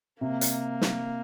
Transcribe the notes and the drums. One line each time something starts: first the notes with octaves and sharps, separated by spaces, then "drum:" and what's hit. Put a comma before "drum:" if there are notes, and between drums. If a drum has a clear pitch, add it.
C3 A#3
drum: hi-hat
drum: snare